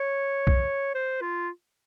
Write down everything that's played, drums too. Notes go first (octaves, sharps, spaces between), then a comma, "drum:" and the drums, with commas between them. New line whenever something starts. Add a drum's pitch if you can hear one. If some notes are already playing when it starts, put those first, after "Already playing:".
Already playing: C#5
drum: kick B1
C5
F4